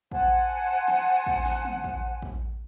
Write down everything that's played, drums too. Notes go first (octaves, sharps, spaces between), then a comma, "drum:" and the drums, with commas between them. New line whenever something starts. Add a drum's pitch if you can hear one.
C5 F#5 G#5 A5, drum: kick
drum: snare
drum: kick
drum: snare
drum: tom
drum: kick
drum: kick